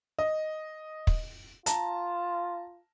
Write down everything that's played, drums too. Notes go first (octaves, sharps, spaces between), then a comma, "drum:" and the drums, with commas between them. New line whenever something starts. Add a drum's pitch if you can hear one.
D#5
drum: kick
F4 A5 A#5, drum: hi-hat